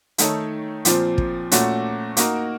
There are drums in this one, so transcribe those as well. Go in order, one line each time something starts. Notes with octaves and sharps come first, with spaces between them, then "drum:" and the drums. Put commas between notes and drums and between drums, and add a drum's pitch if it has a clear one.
D#3 A3 D#4 A4 C#5, drum: hi-hat
A#2 F3 C4, drum: hi-hat
drum: kick
A#2 A3 C#4 F#4, drum: hi-hat
A#3 D#4 F#4 A#4, drum: hi-hat